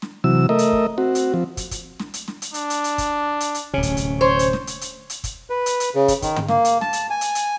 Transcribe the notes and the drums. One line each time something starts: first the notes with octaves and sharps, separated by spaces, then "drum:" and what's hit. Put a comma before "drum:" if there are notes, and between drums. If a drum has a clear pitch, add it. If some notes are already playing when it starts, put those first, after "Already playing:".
drum: snare
C3 E3 F#3 E6
A3 A#4 D#5 E5
drum: hi-hat
drum: kick
C4 F#4
drum: hi-hat
F3 C4
drum: kick, hi-hat
drum: kick, hi-hat
drum: snare
drum: hi-hat
drum: snare
drum: hi-hat
D4, drum: hi-hat
drum: hi-hat
drum: hi-hat
drum: kick, hi-hat
drum: hi-hat
drum: hi-hat
D1 C3 C#4
drum: kick, hi-hat
drum: kick, hi-hat
C5 C#5
drum: hi-hat
drum: snare
drum: hi-hat
drum: hi-hat
drum: hi-hat
drum: kick, hi-hat
B4
drum: hi-hat
drum: hi-hat
C#3
drum: kick, hi-hat
D#3, drum: kick, hi-hat
drum: tom
A#3, drum: snare
drum: hi-hat
A5, drum: snare
drum: hi-hat
G#5
drum: hi-hat
drum: hi-hat